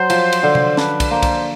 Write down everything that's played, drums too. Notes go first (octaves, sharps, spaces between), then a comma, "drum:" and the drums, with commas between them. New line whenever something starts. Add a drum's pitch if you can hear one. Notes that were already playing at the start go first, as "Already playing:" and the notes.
Already playing: F#3 C5
F3, drum: cymbal
drum: cymbal
D3
drum: tom C3
D4 B4, drum: snare C#4
drum: kick, cymbal
A#3 C5
drum: kick, cymbal